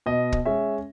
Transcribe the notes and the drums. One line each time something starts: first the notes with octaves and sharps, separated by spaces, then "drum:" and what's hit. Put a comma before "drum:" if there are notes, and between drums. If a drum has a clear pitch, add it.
B2 D#5
drum: kick
G#3 C#4 E5